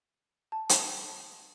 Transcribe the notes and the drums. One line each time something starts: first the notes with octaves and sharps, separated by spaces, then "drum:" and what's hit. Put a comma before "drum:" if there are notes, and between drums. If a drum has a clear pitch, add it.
A5
drum: hi-hat